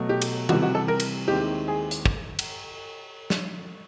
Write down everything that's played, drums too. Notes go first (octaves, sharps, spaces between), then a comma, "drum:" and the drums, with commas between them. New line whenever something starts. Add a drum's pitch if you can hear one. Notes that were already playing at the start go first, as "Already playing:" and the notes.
Already playing: B2 F#3 A3
G4
drum: cymbal
C3 E3 G3 F#4, drum: tom
F#4
A4
A#4
drum: cymbal
D#2 D#3 G#3 C4 E4 G4
G#4
drum: hi-hat
drum: kick
drum: cymbal
drum: snare